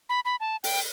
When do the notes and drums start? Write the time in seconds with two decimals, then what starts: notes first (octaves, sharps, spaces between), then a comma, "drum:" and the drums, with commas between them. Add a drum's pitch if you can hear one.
0.09 B5
0.25 B5
0.40 A5
0.64 G5, drum: open hi-hat